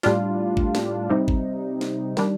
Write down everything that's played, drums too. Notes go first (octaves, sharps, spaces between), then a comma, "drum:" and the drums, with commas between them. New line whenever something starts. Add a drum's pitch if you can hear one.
A2 G3 D4 F4, drum: snare
drum: kick
drum: snare
C3 G3 C4 D#4
drum: kick
drum: snare
D#3 G3 D4, drum: snare